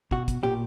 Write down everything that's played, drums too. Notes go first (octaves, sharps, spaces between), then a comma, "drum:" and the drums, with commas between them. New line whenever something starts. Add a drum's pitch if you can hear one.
B2 F#4, drum: kick
drum: kick, hi-hat
A#2 G4